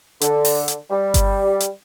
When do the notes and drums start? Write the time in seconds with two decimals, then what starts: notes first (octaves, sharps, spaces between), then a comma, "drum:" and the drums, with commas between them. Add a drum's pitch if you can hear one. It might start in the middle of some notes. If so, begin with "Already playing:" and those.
0.21 D3, drum: hi-hat
0.45 drum: open hi-hat
0.68 drum: hi-hat
0.90 G3
1.14 drum: kick G1, hi-hat
1.60 drum: hi-hat